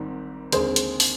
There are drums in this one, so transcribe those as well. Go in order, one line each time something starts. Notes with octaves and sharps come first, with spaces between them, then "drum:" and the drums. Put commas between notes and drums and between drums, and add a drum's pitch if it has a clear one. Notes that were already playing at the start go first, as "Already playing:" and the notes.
Already playing: G#1 G#2 D#3 G3 C4
D#2 D3 G#3 C4 G#4 C5, drum: hi-hat
drum: hi-hat
drum: open hi-hat